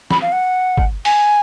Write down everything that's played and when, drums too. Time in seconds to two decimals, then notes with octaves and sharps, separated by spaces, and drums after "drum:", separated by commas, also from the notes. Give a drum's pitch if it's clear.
0.11 B5, drum: snare
0.22 F5
0.32 F#5
0.77 drum: kick
1.05 G#5, drum: open hi-hat